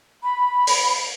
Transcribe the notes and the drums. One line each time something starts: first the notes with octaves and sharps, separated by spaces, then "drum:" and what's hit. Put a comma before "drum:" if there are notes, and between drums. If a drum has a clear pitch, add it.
B5
drum: open hi-hat